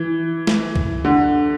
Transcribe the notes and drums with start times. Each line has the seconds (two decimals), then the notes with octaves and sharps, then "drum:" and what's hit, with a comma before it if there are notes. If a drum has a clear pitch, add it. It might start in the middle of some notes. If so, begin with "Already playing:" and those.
Already playing: E3
0.47 drum: snare
0.76 drum: kick C2
1.05 D3